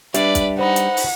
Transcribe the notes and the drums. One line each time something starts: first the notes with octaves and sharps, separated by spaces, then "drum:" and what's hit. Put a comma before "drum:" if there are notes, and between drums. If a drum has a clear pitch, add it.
G3 D4 B4 D5 E5, drum: hi-hat
drum: kick, hi-hat
D#4 C5 F#5 B5
drum: hi-hat
drum: open hi-hat